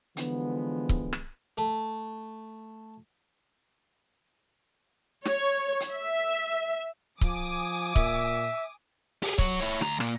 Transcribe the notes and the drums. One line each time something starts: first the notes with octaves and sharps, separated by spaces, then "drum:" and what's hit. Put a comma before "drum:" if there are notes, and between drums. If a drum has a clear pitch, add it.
D3 E3 F3 G#3 B3, drum: hi-hat
drum: kick C#1
drum: rim click
A3
C#5, drum: snare
drum: hi-hat
E5
F3 G#5 D6 D#6, drum: kick C#1
A#2 E5, drum: kick C#1
G4 G#4, drum: open hi-hat
F#3 C#5, drum: kick C#1
E4 C#5, drum: hi-hat
D2 A#5, drum: snare
A#2 A#3, drum: rim click